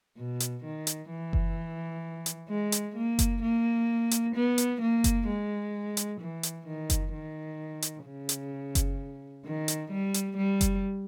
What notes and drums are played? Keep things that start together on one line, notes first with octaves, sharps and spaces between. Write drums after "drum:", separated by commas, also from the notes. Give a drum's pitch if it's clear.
B2
drum: hi-hat
D#3
drum: hi-hat
E3
drum: kick F#1
drum: hi-hat
G#3
drum: hi-hat
A#3
drum: kick F#1, hi-hat
A#3
drum: hi-hat
B3
drum: hi-hat
A#3
drum: kick F#1, hi-hat
G#3
drum: hi-hat
E3
drum: hi-hat
D#3
drum: kick F#1, hi-hat
D#3
drum: hi-hat
C#3
drum: hi-hat
drum: kick F#1, hi-hat
D#3
drum: hi-hat
G3
drum: hi-hat
G3
drum: kick F#1, hi-hat